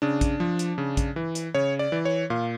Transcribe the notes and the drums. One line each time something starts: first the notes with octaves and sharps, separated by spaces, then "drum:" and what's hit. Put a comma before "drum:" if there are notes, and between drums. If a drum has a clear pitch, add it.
C#3 D4
drum: kick, hi-hat
F3
drum: hi-hat
C#3
drum: kick, hi-hat
E3
drum: hi-hat
C#3 C#5
D5
E3
C#5
A#2 F5